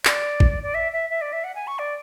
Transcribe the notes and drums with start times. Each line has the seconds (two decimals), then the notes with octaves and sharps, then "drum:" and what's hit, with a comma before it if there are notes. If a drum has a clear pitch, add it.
0.05 D5, drum: clap
0.40 drum: kick A1
0.63 D5
0.74 E5
0.93 E5
1.10 E5
1.21 D5
1.33 E5
1.44 F#5
1.55 G#5
1.67 C#6
1.79 D5